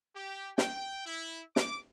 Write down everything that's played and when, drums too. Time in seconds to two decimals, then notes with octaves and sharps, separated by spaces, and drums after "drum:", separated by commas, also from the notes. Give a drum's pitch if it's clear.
0.16 G4
0.58 G5, drum: snare
1.06 E4
1.56 D6, drum: snare